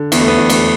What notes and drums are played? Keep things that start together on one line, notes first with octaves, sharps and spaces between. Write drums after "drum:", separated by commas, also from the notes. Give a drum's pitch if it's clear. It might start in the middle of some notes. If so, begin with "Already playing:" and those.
Already playing: D3
E2 B3, drum: cymbal
A3
B3
E2
A3, drum: cymbal